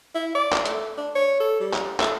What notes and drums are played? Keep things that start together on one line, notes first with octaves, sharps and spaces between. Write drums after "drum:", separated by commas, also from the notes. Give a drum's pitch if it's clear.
E4
D5
drum: clap
A3, drum: hi-hat
D4
C#5
A4
G3
drum: clap
A3, drum: clap